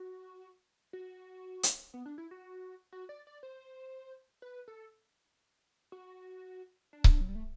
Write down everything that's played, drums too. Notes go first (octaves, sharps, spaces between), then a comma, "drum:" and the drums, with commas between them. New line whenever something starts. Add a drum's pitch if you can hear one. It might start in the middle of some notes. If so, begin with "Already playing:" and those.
Already playing: F#4
F#4
drum: hi-hat
B3
D4
E4
F#4
F#4
D5
D5
C5
B4
A4
F#4
D4
drum: kick C#1
F#3
G3
A3